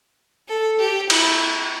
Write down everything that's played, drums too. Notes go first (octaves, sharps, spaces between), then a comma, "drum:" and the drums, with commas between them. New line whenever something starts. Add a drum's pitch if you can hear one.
A4
G4
E4, drum: cymbal